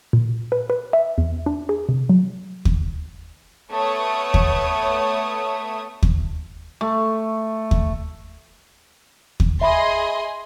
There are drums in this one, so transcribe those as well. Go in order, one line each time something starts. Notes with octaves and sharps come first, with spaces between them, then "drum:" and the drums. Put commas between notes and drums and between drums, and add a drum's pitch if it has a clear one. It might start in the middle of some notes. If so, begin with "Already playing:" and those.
A#2
B4
B4
E5
E2
D4
G#4
C3
F#3
drum: kick
A3 B3 C#5 D#6
drum: kick
drum: kick
A3
drum: kick
drum: kick
G#4 D#5 E5 B5 C6